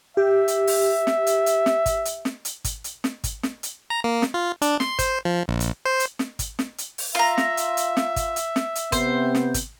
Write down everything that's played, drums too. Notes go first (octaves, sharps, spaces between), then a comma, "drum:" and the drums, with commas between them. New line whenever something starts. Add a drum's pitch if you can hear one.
G4 E5
drum: hi-hat
drum: open hi-hat
drum: snare
drum: hi-hat
drum: hi-hat
drum: snare
drum: kick, hi-hat
drum: hi-hat
drum: snare
drum: hi-hat
drum: kick, hi-hat
drum: hi-hat
drum: snare
drum: kick, hi-hat
drum: snare
drum: hi-hat
A#5
A#3
drum: snare
F4
D4, drum: hi-hat
C6, drum: snare
C5, drum: kick, hi-hat
F3
A#1
drum: hi-hat
C5
drum: hi-hat
drum: snare
drum: kick, hi-hat
drum: snare
drum: hi-hat
drum: open hi-hat
F4 E5 A#5
drum: snare
drum: hi-hat
drum: hi-hat
drum: snare
drum: kick, hi-hat
drum: hi-hat
drum: snare
drum: hi-hat
C3 B3 C4 C5, drum: kick, hi-hat
drum: snare
drum: kick, hi-hat